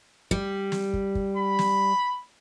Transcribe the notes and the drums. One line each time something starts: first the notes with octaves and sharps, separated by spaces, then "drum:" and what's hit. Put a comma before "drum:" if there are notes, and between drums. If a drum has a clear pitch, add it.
G3, drum: kick
drum: snare
drum: kick
drum: kick
B5
drum: snare